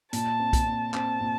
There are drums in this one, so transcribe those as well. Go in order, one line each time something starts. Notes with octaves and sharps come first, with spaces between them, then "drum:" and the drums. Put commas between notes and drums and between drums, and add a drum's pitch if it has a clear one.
A#2 A5, drum: hi-hat
C4
drum: kick B1, hi-hat
A#2
C4 A5, drum: clap
A#2